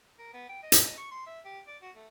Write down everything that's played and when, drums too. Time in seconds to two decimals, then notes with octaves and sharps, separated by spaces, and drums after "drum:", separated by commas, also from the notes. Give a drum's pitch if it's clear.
0.19 A#4
0.34 B3
0.49 G5
0.63 D#5
0.72 drum: hi-hat
0.85 D#5
0.97 C#6
1.11 C6
1.26 E5
1.45 G4
1.67 D5
1.82 F#4
1.96 A3